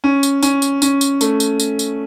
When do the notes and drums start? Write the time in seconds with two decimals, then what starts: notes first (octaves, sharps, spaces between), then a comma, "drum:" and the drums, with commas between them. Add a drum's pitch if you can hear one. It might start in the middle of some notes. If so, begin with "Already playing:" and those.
0.04 C#4
0.23 drum: tambourine
0.43 C#4, drum: tambourine
0.62 drum: tambourine
0.82 C#4, drum: tambourine
1.01 drum: tambourine
1.21 A3, drum: tambourine
1.40 drum: tambourine
1.60 drum: tambourine
1.79 drum: tambourine